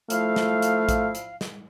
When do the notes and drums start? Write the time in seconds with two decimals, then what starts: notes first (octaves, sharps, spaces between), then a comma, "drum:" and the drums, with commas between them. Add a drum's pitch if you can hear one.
0.10 F3 A3 E4 F5, drum: hi-hat
0.36 drum: snare
0.62 drum: hi-hat
0.89 drum: kick, hi-hat
1.15 drum: hi-hat
1.41 drum: snare